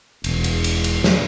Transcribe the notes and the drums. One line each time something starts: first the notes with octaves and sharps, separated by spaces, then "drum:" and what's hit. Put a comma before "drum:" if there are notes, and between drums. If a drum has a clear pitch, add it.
E1, drum: cymbal
drum: cymbal
drum: cymbal
drum: cymbal
drum: snare